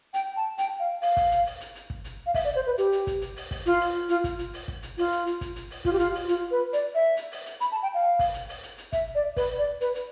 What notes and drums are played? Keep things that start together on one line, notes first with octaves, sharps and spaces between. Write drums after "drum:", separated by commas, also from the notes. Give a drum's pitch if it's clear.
G5, drum: hi-hat
A5
G5, drum: hi-hat
F5
F5, drum: open hi-hat
drum: kick, open hi-hat
drum: hi-hat
drum: open hi-hat
drum: hi-hat
drum: hi-hat
drum: kick
drum: hi-hat
F5
E5, drum: kick, open hi-hat
D5
C5
B4
G4, drum: hi-hat
drum: hi-hat
drum: kick, hi-hat
drum: hi-hat
drum: open hi-hat
drum: kick, open hi-hat
F4, drum: hi-hat
drum: open hi-hat
F4, drum: hi-hat
drum: kick, hi-hat
drum: hi-hat
drum: open hi-hat
drum: kick
drum: hi-hat
F4, drum: open hi-hat
drum: hi-hat
drum: hi-hat
drum: kick, hi-hat
drum: hi-hat
drum: open hi-hat
F4, drum: kick, open hi-hat
G4
F4, drum: hi-hat
drum: open hi-hat
F4, drum: hi-hat
B4
D5, drum: hi-hat
E5
drum: hi-hat
drum: open hi-hat
drum: hi-hat
B5, drum: hi-hat
A5
G5
F5
drum: kick, open hi-hat
drum: hi-hat
drum: open hi-hat
drum: hi-hat
drum: hi-hat
E5, drum: kick, hi-hat
D5
B4, drum: kick, open hi-hat
D5
B4, drum: hi-hat
drum: hi-hat